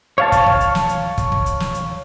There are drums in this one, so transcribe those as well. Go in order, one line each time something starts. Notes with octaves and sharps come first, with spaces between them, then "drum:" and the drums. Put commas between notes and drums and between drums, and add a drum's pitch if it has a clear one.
C#5 F5 A5
drum: kick, hi-hat
drum: kick
drum: hi-hat
drum: snare
drum: hi-hat
drum: kick, hi-hat
drum: kick
drum: hi-hat
drum: snare
drum: hi-hat